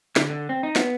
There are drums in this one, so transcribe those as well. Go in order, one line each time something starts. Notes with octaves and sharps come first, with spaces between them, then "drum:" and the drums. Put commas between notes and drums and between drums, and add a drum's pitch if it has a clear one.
D3, drum: snare
D3
C4
D#4
B3, drum: snare